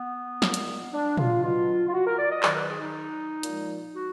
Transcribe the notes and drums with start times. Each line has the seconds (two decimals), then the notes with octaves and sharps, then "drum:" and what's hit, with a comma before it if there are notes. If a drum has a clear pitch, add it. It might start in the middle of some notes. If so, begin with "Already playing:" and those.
Already playing: B3
0.42 A#2 G#3, drum: snare
0.54 drum: hi-hat
0.92 D4
1.17 F4, drum: tom A#2
1.43 B2 F#3 F4
1.87 F4
1.93 F#4
2.05 A#4
2.17 D5
2.30 D#5
2.43 G#2 D#3 F#3 D5, drum: clap
2.51 A#4
2.55 B4
2.69 G#4
2.80 D#4
3.43 A#2 F3 G#3, drum: hi-hat
3.94 F#4